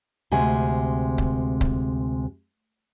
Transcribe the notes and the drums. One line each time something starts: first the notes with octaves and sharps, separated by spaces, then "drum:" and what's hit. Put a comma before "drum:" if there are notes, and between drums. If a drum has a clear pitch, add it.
D2 C3 G#3 G#5
drum: kick C#1
drum: kick C#1